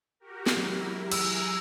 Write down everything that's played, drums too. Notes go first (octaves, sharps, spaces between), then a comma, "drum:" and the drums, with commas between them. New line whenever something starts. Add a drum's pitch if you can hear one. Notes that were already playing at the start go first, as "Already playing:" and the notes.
F#4 G4 A#4
drum: snare
F#3 E4 G4 G#4 A#4
G#5 A#5 E6, drum: cymbal